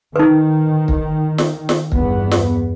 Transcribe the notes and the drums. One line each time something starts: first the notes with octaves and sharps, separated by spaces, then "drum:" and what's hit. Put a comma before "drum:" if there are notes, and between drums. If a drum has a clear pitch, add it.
D#3 D#4 B4
drum: kick
drum: snare
drum: snare
E2 G2 B3, drum: kick
drum: snare